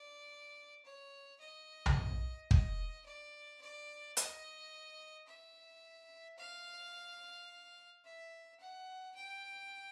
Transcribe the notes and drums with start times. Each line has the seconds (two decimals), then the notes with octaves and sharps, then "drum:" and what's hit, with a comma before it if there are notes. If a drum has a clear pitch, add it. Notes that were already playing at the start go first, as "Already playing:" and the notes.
Already playing: D5
0.85 C#5
1.40 D#5
1.86 drum: tom B1
2.51 D#5, drum: kick
3.06 D5
3.61 D5
4.17 D#5, drum: hi-hat
5.27 E5
6.38 F5
8.04 E5
8.60 F#5
9.15 G5